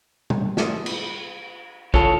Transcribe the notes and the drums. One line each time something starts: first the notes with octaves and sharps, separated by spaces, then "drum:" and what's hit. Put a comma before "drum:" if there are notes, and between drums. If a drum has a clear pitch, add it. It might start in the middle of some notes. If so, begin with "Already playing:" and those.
drum: tom
F4 G#4 D5, drum: snare
drum: cymbal
E4 F4 A4 C#5 A5, drum: kick